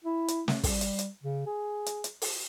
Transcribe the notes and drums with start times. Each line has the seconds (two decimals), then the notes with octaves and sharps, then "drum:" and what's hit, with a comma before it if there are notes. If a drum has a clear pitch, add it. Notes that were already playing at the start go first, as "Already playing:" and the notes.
0.04 E4
0.28 drum: hi-hat
0.48 A3, drum: snare
0.63 G3, drum: kick, open hi-hat
0.81 drum: hi-hat
0.99 drum: hi-hat
1.23 C#3
1.46 G#4
1.86 drum: hi-hat
2.04 drum: hi-hat
2.22 drum: open hi-hat